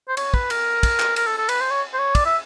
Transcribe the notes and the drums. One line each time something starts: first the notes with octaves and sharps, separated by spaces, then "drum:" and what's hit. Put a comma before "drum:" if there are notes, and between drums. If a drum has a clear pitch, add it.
C5
C#5, drum: cymbal
B4, drum: kick
A#4, drum: cymbal
drum: kick, cymbal
drum: clap
A#4, drum: cymbal
A4
A4
B4, drum: cymbal
C5
C#5
C5
C#5
D5, drum: kick, cymbal
E5